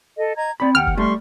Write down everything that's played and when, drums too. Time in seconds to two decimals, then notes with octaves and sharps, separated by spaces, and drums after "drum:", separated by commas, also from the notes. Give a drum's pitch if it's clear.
0.17 A4 D#5
0.36 D#5 A#5 G#6
0.60 C4 D5 B5
0.75 D#2 F#5 G5 F6
0.87 drum: kick
0.97 G3 A3 C6 C#6